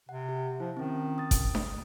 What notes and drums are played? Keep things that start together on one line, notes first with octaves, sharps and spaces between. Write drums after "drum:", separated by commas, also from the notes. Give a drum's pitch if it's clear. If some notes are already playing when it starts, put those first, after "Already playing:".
C3 F#5
G4
F3 E4
D#3 C4 C#4
D#6 A6
drum: kick G1, hi-hat
drum: snare D4